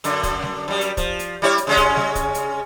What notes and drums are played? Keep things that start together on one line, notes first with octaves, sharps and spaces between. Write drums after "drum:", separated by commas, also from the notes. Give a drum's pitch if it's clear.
F#2 D3, drum: hi-hat
drum: kick, hi-hat
drum: snare G3
F#2 G3
drum: hi-hat
F3, drum: kick, hi-hat
drum: hi-hat
G3 E4 C#5
drum: hi-hat
C#3 G#3 C#4
drum: kick, hi-hat
drum: snare G3
drum: kick, hi-hat
drum: hi-hat